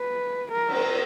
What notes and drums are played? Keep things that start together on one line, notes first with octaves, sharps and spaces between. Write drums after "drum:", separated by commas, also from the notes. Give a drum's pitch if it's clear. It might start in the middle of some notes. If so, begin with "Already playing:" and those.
Already playing: B4
A#4
drum: cymbal